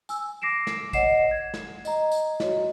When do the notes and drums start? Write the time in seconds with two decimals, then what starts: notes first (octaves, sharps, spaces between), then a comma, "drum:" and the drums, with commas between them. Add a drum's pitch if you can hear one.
0.09 G#5 E6, drum: tambourine
0.42 D6 A#6 C7 D7 E7
0.67 drum: snare
0.93 C#5 D#5 F#5 C7 E7, drum: kick, tambourine
1.31 G#6
1.54 drum: snare
1.85 D#5 A#5, drum: tambourine
2.11 drum: tambourine
2.40 F#4 C#5 D#5, drum: snare